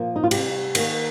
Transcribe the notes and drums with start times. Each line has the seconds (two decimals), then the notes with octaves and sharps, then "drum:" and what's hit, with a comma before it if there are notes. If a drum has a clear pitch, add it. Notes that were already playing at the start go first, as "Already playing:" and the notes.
Already playing: A#2 F3 A#3
0.16 D#4
0.23 F4
0.31 C3 G3 C4 G4, drum: cymbal
0.75 D#3 A#3, drum: cymbal